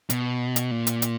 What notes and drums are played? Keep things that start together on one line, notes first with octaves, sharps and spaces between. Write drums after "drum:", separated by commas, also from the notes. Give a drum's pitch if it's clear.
B2, drum: hi-hat
drum: hi-hat
A#2
drum: hi-hat
drum: hi-hat